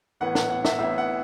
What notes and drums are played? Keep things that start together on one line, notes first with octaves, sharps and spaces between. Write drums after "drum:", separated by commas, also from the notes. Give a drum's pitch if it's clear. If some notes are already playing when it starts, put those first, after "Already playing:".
A1 A2 E3 B3 F#5
F#5, drum: snare
F#5
E5, drum: snare
A1 A2 E3 B3 E5
F#5